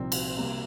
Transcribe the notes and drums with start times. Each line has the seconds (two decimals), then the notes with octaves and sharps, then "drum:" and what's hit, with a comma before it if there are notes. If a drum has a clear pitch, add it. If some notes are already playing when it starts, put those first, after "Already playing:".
Already playing: C2 A#2 F3 C4 D#4
0.12 drum: cymbal
0.37 C3 G3 A#3